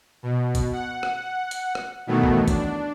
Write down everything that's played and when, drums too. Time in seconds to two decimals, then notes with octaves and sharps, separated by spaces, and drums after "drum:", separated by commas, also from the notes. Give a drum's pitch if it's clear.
0.23 B2
0.55 drum: kick, hi-hat
0.73 F#5
1.03 drum: rim click
1.51 drum: hi-hat
1.75 drum: rim click
2.07 B2 D#3 E3 F#3 A3 B3
2.23 drum: kick
2.48 D4, drum: kick, hi-hat